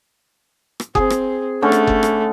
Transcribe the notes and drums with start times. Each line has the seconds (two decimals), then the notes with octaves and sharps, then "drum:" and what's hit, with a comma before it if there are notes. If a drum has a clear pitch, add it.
0.80 drum: rim click
0.95 C4 G#4, drum: kick F#1
1.10 drum: rim click
1.63 D3 A3 C#4
1.72 drum: rim click
1.87 drum: kick F#1
2.03 drum: rim click